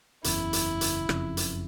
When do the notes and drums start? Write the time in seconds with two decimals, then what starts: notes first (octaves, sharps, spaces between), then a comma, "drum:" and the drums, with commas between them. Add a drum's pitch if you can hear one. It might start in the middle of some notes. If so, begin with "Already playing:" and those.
0.24 F#1 E2 C#3 E4, drum: hi-hat
0.53 drum: hi-hat
0.81 drum: hi-hat
1.09 F#1 F2 C#3, drum: rim click
1.37 drum: hi-hat